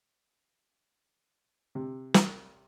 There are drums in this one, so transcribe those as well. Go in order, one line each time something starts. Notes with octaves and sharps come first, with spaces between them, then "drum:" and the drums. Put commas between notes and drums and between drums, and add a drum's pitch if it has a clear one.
C3
drum: snare